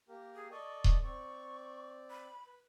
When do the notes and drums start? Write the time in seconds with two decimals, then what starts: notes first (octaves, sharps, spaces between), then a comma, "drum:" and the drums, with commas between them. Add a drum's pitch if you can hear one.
0.09 A#3 G4 A#4
0.35 G#4
0.51 A4 D5 D#5 C#6
0.84 drum: kick D#1
1.03 C4 D5 C#6
2.10 B5
2.46 B4